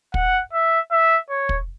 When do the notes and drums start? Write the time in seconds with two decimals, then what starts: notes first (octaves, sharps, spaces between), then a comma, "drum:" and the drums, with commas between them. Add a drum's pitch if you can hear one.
0.14 F#5, drum: kick
0.53 E5
0.91 E5
1.30 C#5
1.49 drum: kick